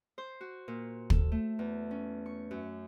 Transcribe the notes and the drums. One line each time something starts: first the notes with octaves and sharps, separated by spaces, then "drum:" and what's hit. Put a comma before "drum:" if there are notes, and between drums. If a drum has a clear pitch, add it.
C5
F#4
A#2
A4, drum: kick
A3
E2
C#4
C#6
F#2